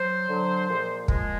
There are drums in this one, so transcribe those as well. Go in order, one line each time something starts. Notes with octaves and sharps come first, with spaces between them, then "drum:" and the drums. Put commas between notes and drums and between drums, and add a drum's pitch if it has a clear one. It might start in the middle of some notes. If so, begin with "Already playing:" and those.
Already playing: F#3 C5
D3 F#3
A#2 F3 G#3
A#2 F3 G#3, drum: kick